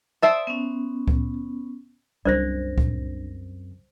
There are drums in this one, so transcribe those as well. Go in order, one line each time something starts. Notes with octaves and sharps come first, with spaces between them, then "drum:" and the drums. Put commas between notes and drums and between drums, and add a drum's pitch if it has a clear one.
C5 D5 E5 A5 D#6
B3 C#4
drum: kick C#2
C2 F#2 C3 D4 C5 D5 A#6
drum: kick C#2